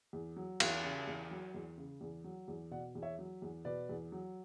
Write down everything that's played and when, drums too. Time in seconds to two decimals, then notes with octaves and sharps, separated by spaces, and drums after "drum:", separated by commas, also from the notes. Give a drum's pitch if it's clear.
0.13 E2
0.36 F#3
0.60 E2, drum: cymbal
0.84 C#3
1.07 E2
1.31 F#3
1.54 E2
1.78 C#3
2.01 E2
2.24 F#3
2.48 E2
2.71 B2 D5 F#5
2.95 E2
3.02 C#5 E5
3.19 F#3
3.42 E2
3.65 B2 B4 D5
3.89 E2
4.12 F#3